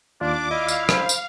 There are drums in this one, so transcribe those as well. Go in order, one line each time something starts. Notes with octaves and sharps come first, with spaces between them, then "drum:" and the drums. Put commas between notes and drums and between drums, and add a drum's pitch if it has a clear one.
D#2 D4 F4 D5 D6
E4 D#5 F5
drum: tambourine
C5 B5, drum: rim click
drum: tambourine